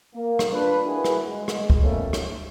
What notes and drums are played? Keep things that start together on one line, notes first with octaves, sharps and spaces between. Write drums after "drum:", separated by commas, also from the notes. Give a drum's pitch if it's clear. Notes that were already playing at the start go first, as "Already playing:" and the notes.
A#3
drum: rim click
D4 F4 B4
E4 F#4 G#4 A#4 B4
drum: rim click
G#3
drum: rim click
drum: kick
B2 F3 G3 A3 A#3 C#4
D2, drum: rim click